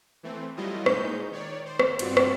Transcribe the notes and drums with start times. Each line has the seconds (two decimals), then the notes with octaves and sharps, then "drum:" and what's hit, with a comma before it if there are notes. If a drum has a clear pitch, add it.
0.23 E3 A3 C4
0.57 F#3 G3 A3 E4 F4 D#5
0.86 A#2 G#3 D#4 G6, drum: rim click
1.31 D#3 C#5 D5
1.65 C5
1.80 drum: rim click
1.99 G2 B2 C4 F4 F#4 D5, drum: cymbal
2.17 drum: rim click